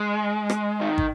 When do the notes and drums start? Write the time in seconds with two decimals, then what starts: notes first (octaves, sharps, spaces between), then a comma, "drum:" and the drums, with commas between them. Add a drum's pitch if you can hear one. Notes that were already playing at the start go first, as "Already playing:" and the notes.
Already playing: G#3
0.50 drum: rim click
0.81 D#3
0.98 drum: kick